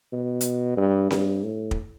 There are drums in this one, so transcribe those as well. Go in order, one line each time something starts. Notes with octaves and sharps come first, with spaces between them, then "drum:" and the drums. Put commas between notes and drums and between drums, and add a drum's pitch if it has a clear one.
B2
drum: hi-hat
G2
G2, drum: snare C4
A2
drum: kick